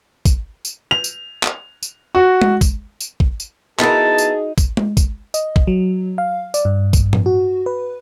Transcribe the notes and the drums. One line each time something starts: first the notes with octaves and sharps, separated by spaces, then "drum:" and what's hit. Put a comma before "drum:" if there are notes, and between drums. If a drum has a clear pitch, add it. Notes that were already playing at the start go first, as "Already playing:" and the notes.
drum: kick, tambourine
drum: tambourine
F7
drum: tambourine
drum: clap
drum: tambourine
F#4
drum: tom G#3
drum: kick, tambourine
drum: tambourine
drum: kick
drum: tambourine
B3 D#4 E4 F#4 G#4 A#4 A5, drum: clap
drum: tambourine
drum: kick, tambourine
drum: tom G#3
drum: kick, tambourine
D#5, drum: tambourine
drum: kick
F#3
F5
D5, drum: tambourine
G2
drum: kick, tambourine
drum: tom A2
F#4
B4